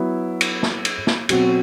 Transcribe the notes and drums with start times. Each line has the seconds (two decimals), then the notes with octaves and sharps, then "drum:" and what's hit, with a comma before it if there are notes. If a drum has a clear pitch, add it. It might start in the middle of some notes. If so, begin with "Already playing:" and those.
Already playing: F#3 B3 E4
0.41 drum: cymbal
0.63 drum: snare
0.85 drum: cymbal
1.07 drum: snare
1.29 B2 F#3 C4 F#4, drum: cymbal